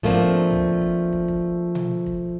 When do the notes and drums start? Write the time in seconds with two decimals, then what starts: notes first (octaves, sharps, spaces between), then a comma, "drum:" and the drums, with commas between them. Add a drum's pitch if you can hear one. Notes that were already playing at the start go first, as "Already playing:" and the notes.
0.03 F3 A3 A#3 C4 D4, drum: kick
0.50 drum: tom
0.81 drum: kick
1.13 drum: kick
1.28 drum: kick
1.75 drum: tom B2
2.06 drum: kick